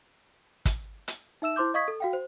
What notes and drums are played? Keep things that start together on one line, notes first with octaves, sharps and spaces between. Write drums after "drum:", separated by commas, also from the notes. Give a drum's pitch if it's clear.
drum: kick, hi-hat
drum: hi-hat
D#4 E5 E6 E7
E4 C5 C6 D6 G6
D#5 F5 C#6 D#6 G#6 B6
A4
F#4 F5 G5
C5